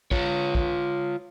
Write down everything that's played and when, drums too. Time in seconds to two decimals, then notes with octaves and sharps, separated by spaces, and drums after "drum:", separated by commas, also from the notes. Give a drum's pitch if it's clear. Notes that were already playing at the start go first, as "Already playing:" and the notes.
0.11 F4 C#5, drum: kick
0.55 drum: kick